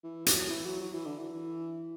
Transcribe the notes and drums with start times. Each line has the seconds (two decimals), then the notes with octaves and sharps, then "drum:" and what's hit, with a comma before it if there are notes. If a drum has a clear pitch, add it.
0.04 E3
0.26 F#3, drum: hi-hat
0.50 E3
0.66 F#3
0.81 F#3
0.94 E3
1.06 D3
1.18 E3